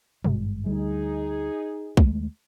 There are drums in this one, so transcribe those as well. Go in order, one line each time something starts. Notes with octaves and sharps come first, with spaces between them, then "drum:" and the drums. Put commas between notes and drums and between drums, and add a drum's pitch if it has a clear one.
G#1 G2 G#3, drum: tom
D2 G3 D#4 G#4
D#2 G#3 A3, drum: kick B1